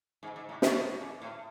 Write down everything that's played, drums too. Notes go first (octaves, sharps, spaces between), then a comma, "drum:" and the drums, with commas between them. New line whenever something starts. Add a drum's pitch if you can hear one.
G#2
G#2
A2
B2, drum: snare
A2
A2
G#2
A2